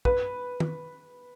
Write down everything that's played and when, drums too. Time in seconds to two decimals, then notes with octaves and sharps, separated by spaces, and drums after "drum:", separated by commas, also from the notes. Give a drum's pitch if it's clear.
0.05 B4, drum: kick
0.60 drum: tom